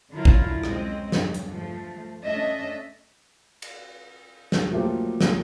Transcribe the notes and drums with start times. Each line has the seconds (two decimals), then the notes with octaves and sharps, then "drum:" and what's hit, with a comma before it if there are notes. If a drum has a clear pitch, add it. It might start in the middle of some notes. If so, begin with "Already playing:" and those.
0.12 D3 F#3 E4 F4 A#4
0.25 drum: kick
0.63 C#3 G#3 C4 D#5, drum: rim click
1.12 G2, drum: snare
1.34 drum: hi-hat
1.51 F3 A3
2.23 A3 C#4 D4 D#5 E5
3.62 drum: cymbal
4.52 drum: snare
4.71 F3 F#3 A3 A#3 F4 G4
5.21 drum: snare